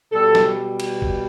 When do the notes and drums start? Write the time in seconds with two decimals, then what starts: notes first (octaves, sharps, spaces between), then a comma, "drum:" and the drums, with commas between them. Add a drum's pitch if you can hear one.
0.12 B2 G3 A4
0.35 drum: snare
0.80 drum: cymbal
1.02 drum: kick G1